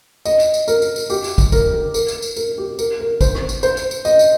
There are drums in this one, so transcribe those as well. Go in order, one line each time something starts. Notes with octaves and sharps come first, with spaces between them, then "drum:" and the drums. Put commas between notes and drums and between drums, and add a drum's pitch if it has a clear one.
D#5, drum: tambourine
drum: tambourine
drum: tambourine
A#4, drum: tambourine
drum: tambourine
drum: tambourine
G4, drum: tambourine
drum: tambourine
drum: kick, tambourine
A#4, drum: kick, tambourine
A#4
A#4, drum: tambourine
drum: tambourine
drum: tambourine
A#4, drum: tambourine
G4
A#4, drum: tambourine
A#4
C5, drum: kick, tambourine
drum: rim click
drum: tambourine
C5, drum: tambourine
drum: tambourine
drum: tambourine
D#5, drum: tambourine
drum: tambourine